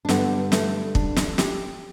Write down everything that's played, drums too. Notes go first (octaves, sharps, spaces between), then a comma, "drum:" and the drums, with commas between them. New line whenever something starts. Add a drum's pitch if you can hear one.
D4
G2 D3 G3 B3, drum: snare
A3, drum: snare
D4, drum: kick
drum: snare
G4, drum: snare